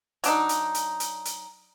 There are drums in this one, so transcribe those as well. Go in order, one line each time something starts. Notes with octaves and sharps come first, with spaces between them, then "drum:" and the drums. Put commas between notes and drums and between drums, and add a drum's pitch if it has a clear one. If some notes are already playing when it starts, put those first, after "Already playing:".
F#3 D4 D#4, drum: hi-hat
drum: hi-hat
drum: hi-hat
drum: hi-hat
drum: hi-hat